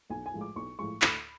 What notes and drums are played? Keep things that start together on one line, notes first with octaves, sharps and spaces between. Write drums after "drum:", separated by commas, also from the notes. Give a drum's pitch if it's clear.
B1 G#5
G#5
A2 F3 G#3
D6
B1 C#6
A2 F3 G#3 C#6
D2 B5, drum: clap